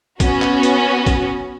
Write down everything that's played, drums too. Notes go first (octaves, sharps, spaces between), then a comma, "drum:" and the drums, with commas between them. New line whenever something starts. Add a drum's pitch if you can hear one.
B3 C#4 F#4, drum: kick, hi-hat
drum: clap
drum: hi-hat
drum: kick, hi-hat